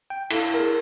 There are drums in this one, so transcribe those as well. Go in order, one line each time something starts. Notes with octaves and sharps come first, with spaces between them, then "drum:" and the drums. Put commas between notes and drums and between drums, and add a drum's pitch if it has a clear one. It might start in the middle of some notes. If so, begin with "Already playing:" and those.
G5
E4 A4 F5, drum: cymbal
G#4 A#4